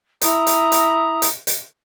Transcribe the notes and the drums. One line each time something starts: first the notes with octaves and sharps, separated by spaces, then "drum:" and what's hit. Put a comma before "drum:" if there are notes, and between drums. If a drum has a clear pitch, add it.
E4 A#5 B5 D#6, drum: hi-hat
drum: hi-hat
drum: hi-hat
drum: hi-hat
drum: hi-hat